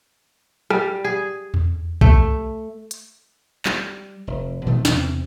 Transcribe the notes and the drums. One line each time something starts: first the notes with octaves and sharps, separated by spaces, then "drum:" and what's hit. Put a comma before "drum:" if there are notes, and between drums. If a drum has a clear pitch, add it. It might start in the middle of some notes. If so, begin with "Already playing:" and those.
G3, drum: rim click
G#4
drum: tom E2
A3, drum: kick B1
drum: hi-hat
G3, drum: clap
F1
B2 D#3 F3 A3
E2 C3, drum: snare